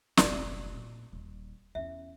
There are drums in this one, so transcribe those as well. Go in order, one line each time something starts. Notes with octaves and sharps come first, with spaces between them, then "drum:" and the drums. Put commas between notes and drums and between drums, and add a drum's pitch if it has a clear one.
F1 A#1 F#4 D5, drum: snare
A#2
D#1 D#3
E2 C#4 E5